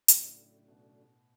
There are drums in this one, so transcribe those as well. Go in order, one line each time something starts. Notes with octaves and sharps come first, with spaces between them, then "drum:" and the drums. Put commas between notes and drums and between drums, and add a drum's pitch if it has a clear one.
A2 C#3 F#3 A3 D4, drum: hi-hat
B2